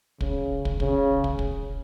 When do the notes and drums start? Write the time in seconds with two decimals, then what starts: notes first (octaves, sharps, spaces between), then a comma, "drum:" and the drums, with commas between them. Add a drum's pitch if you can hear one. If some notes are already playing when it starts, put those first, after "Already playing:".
0.21 C#3, drum: kick
0.65 drum: kick
0.80 C#3, drum: kick
1.24 drum: kick
1.39 drum: kick